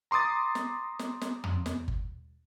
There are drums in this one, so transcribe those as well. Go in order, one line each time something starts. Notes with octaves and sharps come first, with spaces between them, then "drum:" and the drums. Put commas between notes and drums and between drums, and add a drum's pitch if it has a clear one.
A#5 C6 D6 D#6 A6
drum: snare
drum: snare
drum: snare
drum: tom
drum: snare
drum: kick G1